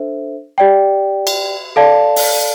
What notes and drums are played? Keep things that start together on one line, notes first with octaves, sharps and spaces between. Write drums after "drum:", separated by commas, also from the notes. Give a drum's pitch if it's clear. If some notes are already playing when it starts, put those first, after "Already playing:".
Already playing: D4 A4 C5 E5
G4 D5 G5
drum: cymbal
A4 D5 F5 A5
drum: open hi-hat